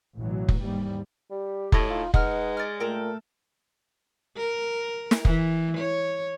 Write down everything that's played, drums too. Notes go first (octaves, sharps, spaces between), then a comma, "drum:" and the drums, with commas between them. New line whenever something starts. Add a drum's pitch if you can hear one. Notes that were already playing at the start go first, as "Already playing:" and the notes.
A1 B2 E3 F#3
drum: kick F1
D#2 G#2 G3
G3 G4
A2 A4 C#5 D#5, drum: kick F1
D#4 F4
G#3 D#4 B4 F#5 F6, drum: kick F1
D5 F6
A#2 A3 A4 A#4 G5
A#4
drum: snare
E3, drum: kick F1
C#5